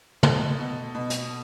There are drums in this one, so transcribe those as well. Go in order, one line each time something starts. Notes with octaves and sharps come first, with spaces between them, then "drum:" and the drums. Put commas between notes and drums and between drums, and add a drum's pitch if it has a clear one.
B2 A4, drum: tom
B2
B2
drum: hi-hat